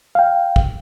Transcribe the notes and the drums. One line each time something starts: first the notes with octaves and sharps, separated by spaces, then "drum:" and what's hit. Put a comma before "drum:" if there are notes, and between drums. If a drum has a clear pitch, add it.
F5 G5
drum: kick